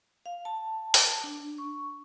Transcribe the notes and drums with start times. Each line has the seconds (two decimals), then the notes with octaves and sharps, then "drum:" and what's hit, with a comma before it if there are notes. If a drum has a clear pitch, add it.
0.26 F5
0.45 A5
0.94 drum: open hi-hat
1.24 D4
1.58 C#6